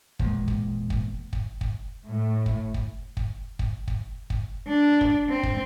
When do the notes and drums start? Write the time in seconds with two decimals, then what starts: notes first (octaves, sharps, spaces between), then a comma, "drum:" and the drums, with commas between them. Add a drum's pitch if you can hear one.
0.19 E1 A#2 G#3, drum: kick
0.48 drum: kick
0.90 drum: kick
1.33 drum: kick
1.61 drum: kick
2.09 A2
2.46 drum: kick
2.74 drum: kick
3.17 drum: kick
3.59 drum: kick
3.88 drum: kick
4.30 drum: kick
4.68 D4
5.01 drum: kick
5.29 C4
5.43 drum: kick